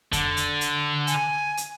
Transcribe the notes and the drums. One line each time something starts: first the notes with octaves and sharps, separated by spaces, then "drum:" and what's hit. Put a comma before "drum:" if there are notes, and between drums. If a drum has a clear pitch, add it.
D3, drum: kick F2, hi-hat
drum: hi-hat
drum: hi-hat
G#5, drum: hi-hat
drum: hi-hat